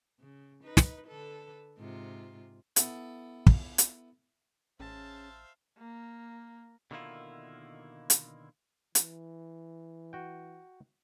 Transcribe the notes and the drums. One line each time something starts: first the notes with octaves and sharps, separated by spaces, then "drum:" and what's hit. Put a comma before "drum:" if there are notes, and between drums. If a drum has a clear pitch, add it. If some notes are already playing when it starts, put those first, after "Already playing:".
C#3
D#4 B4
drum: snare
D3 A4 B4
G#2 C3 F4
B3 E4 A4, drum: hi-hat
drum: kick
drum: hi-hat
A1 C#4 G#4 C5 E5 F5 A5
A#3
B2 D3 D#3 A#3 E4 F4
drum: hi-hat
E3, drum: hi-hat
F#4 G5